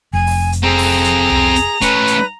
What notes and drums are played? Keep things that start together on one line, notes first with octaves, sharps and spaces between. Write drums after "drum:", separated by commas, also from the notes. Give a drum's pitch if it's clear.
F1 G#5
drum: open hi-hat
drum: hi-hat
C4 G#4 A4 A#5
drum: open hi-hat
drum: hi-hat
drum: tom C2
drum: hi-hat
A3 C#4 B4, drum: kick, hi-hat
drum: hi-hat